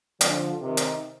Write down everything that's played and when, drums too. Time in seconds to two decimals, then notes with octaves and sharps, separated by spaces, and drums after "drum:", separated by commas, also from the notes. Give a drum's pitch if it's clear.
0.21 D3 F3, drum: hi-hat
0.60 C3 D#3
0.77 drum: hi-hat